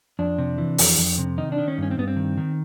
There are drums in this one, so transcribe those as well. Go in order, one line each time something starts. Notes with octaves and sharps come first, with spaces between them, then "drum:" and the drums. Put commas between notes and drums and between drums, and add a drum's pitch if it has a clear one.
F2 D4
C3
E3
F2, drum: open hi-hat
F2
C3
D#3 D#4
D4
D#3
C#4
G2 C#4
C4
G2 B3
C4
D#3
D#3